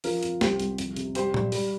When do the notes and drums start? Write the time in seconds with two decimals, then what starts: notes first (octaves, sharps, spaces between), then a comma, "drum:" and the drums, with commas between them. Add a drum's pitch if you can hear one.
0.04 F3 F4 A#4, drum: open hi-hat
0.23 F2, drum: hi-hat
0.41 C2 G4 C5, drum: snare
0.60 C2, drum: hi-hat
0.78 F2, drum: hi-hat
0.97 C3, drum: hi-hat
1.15 G3 G4 C5, drum: hi-hat
1.34 G2, drum: tom A#2
1.52 G3, drum: open hi-hat